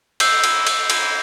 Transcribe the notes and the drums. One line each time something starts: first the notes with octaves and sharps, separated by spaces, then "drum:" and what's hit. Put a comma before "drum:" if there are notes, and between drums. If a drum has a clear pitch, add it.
E6 G6 C7, drum: cymbal
drum: cymbal
drum: cymbal
drum: cymbal